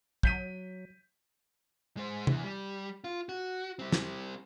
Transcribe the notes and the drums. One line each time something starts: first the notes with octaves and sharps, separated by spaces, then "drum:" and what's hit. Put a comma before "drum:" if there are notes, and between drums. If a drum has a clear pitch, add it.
F#3 G6 B6 D#7, drum: kick
G#3 C5
E2 E3, drum: tom C3
G3
F4
F#4
G3 C4
drum: snare